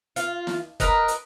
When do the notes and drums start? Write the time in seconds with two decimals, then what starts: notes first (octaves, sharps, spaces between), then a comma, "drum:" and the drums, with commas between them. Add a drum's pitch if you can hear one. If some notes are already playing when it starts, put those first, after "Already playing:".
0.16 F4, drum: hi-hat
0.47 drum: snare
0.80 A#4 B4 D#5, drum: kick F#1, hi-hat
1.08 drum: hi-hat